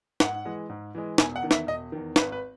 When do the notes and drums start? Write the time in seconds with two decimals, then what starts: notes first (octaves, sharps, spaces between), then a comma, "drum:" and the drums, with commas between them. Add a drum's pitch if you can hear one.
0.20 G#2 F#5, drum: snare
0.45 E3 G#3
0.69 G#2
0.95 E3 G#3
1.18 E1 G#5, drum: snare
1.36 F#5
1.43 E2 D#3
1.51 E5, drum: snare
1.67 E1 D#5
1.92 E2 D#3
2.16 G#1 B4, drum: snare
2.32 B4